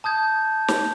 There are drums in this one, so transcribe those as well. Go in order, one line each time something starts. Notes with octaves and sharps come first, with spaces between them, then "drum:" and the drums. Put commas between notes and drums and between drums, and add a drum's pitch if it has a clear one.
A5 D#6 G6 G#6
drum: snare